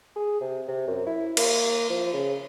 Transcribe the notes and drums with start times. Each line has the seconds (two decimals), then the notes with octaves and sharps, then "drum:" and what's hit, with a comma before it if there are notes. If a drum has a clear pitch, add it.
0.16 G#4
0.41 C3
0.68 C3
0.88 F#2
1.06 E4
1.37 A#3, drum: cymbal
1.90 F3
2.14 C#3